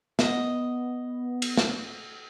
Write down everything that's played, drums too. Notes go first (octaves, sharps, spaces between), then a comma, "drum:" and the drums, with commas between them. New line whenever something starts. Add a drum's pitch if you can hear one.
B3 D#5, drum: snare
drum: cymbal
drum: snare